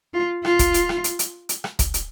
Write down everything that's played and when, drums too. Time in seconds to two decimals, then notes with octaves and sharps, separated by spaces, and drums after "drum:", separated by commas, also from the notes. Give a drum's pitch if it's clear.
0.14 F4
0.45 F4, drum: rim click
0.59 drum: kick, hi-hat
0.74 drum: hi-hat
0.89 drum: rim click
1.04 drum: hi-hat
1.19 drum: hi-hat
1.49 drum: hi-hat
1.64 drum: rim click
1.79 drum: kick, hi-hat
1.94 drum: hi-hat